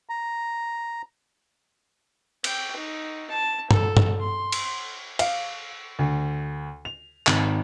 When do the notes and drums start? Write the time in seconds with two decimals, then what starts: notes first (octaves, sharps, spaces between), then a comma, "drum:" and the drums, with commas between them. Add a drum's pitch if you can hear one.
0.09 A#5
2.44 G5, drum: cymbal
2.76 D#4
3.30 A5
3.71 A4, drum: tom G2
3.97 drum: tom G2
4.20 C6
4.52 drum: cymbal
5.19 F5, drum: cymbal
5.99 D2
6.85 F7
7.27 G#1, drum: clap